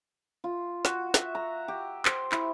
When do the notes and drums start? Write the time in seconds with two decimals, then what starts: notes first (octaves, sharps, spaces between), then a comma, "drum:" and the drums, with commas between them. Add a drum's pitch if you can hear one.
0.44 F4
0.85 F#4, drum: snare
1.14 E5, drum: snare
1.35 A#5
1.68 G4
2.05 C5, drum: clap
2.32 E4, drum: clap